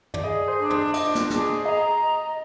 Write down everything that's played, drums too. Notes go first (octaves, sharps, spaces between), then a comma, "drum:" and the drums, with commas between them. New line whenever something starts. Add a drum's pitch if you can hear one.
D5, drum: tom
G#4 D#5
C5
D4
C5, drum: tom
D4 D#5, drum: cymbal
drum: snare
G#4, drum: snare
D#5 A#5
D#5